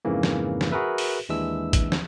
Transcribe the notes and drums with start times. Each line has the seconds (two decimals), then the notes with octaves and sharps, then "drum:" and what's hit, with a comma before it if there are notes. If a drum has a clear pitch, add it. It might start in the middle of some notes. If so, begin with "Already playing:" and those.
0.05 F2 G#2 C#3 E3 A#3
0.23 drum: snare
0.61 drum: snare
0.72 F#4 G#4 A#4 B4 E5
0.98 drum: open hi-hat
1.29 D#2 E3 G#3 D4 E5 E6
1.73 drum: kick, hi-hat
1.92 drum: snare